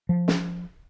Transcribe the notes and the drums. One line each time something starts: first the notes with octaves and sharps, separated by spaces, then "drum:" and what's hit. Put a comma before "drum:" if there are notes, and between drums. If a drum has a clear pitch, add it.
F3
drum: snare